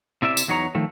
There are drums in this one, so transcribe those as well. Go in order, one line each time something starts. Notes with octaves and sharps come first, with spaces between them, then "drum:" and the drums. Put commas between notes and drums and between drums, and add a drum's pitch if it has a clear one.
C3 E4 D5 E5
drum: tambourine
E2 F#3 D#4 C#5 A#5
D#3 F3 A3